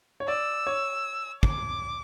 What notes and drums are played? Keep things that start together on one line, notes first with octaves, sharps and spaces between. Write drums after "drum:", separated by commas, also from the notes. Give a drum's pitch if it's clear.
C#5
D5 E6
C#5
D6, drum: kick